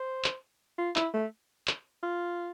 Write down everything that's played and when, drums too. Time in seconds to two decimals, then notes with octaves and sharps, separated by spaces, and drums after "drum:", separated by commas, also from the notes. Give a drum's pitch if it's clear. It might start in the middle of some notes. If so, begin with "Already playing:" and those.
Already playing: C5
0.24 drum: clap
0.78 F4
0.96 E4, drum: clap
1.14 A3
1.68 drum: clap
2.03 F4